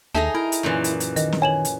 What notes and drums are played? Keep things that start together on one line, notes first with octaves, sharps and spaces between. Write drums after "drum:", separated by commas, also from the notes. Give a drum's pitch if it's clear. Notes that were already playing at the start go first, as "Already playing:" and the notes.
D#2 D#4 G#4 A4 E5 A5 A#5
E4 A#4
drum: hi-hat
F#2 A#2 E3
drum: hi-hat
drum: hi-hat
D#3 D#5, drum: hi-hat
drum: snare
C#5 G#5 E7 F#7
drum: hi-hat